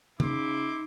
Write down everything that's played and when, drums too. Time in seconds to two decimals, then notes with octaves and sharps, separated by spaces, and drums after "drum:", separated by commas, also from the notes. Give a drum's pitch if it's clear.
0.20 C#3 D#4 E4 C6 D6, drum: tom